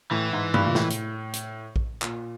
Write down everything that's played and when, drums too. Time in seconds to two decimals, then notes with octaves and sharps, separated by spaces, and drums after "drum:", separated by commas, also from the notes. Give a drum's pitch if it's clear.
0.11 A2 E3
0.33 G#2
0.54 G2, drum: tom C3
0.64 A#2
0.75 A2, drum: snare
0.90 drum: hi-hat
1.34 drum: hi-hat
1.76 drum: kick A#1
2.02 A#2, drum: clap